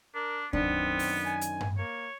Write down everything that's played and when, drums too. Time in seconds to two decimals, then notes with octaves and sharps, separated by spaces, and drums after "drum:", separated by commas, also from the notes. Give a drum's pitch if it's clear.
0.14 D4 A#4
0.53 F#2 D#3 B3 C4 D4, drum: kick C2
0.99 drum: open hi-hat
1.25 G#5
1.41 drum: hi-hat
1.61 drum: tom G2
1.78 A#3 C#5